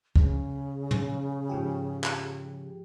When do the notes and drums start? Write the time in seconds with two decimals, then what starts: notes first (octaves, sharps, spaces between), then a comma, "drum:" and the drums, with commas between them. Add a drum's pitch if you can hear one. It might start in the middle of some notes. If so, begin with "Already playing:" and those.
0.16 C#3, drum: kick
0.91 drum: tom
1.49 G#2 F3 G4
2.04 drum: clap